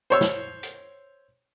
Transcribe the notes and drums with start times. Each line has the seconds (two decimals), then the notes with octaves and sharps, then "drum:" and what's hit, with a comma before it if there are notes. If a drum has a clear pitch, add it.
0.10 C5 C#5 E6
0.21 drum: snare
0.63 drum: hi-hat